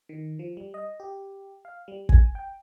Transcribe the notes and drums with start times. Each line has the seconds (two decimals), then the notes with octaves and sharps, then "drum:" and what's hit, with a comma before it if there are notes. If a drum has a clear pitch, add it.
0.09 D#3
0.39 F3
0.57 G3
0.74 D#5
1.00 G4
1.65 F5
1.88 G3
2.09 G#5, drum: kick
2.35 G5